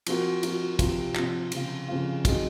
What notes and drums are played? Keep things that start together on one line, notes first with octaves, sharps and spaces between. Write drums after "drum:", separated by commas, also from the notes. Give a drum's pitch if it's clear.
F3 C4 F#4 A#4, drum: cymbal
F3 C4 F#4 A#4, drum: cymbal
C3 F3 C4 F4, drum: kick, cymbal
C3 F3 C4 F4, drum: clap
C#3 F3 C4 F4, drum: cymbal
C#3 F3 C4 F4
F#3 C4 D#4 G#4, drum: kick, cymbal